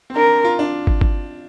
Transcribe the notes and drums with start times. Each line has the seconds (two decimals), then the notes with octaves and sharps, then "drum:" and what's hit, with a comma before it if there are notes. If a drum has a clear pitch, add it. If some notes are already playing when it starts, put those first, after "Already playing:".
0.10 C4
0.16 D4 A#4
0.44 F4
0.59 D4
0.87 drum: kick
1.01 drum: kick